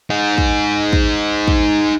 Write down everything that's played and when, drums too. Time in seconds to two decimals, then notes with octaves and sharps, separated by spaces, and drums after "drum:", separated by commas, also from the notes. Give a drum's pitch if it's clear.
0.10 D#4 G#4
0.38 drum: kick
0.93 drum: kick
1.48 drum: kick